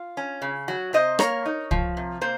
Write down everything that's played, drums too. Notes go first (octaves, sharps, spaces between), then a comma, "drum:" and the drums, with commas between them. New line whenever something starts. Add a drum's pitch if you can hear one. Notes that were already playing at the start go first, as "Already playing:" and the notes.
Already playing: F4
C#4
C#3
F#3 F#4
C3 C5 D#5
A#3 A#4 C#5, drum: rim click
D#4
F3, drum: kick C2
C3
A#3 C5